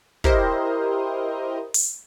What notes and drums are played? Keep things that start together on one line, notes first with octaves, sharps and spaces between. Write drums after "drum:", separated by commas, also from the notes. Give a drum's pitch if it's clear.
E4 G4 A#4 C5 D#5, drum: kick
drum: open hi-hat